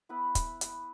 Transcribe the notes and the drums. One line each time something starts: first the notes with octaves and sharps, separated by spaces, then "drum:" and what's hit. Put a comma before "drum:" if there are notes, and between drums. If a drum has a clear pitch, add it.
B3 E4 B4 B5
drum: kick, hi-hat
drum: hi-hat